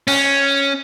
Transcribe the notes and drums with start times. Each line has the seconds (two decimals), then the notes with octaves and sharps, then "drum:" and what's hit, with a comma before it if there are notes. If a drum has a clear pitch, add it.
0.08 C#4, drum: cymbal